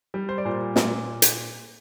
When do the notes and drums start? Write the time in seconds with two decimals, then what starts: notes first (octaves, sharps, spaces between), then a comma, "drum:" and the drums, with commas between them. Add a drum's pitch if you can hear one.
0.14 G3
0.29 C5
0.38 D5
0.45 A#2 C5
0.76 A#2 F4, drum: snare
1.22 drum: hi-hat